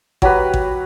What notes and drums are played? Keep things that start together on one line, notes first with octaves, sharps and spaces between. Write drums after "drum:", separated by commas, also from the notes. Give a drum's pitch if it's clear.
F#3 G4 B4, drum: kick A1
drum: kick A1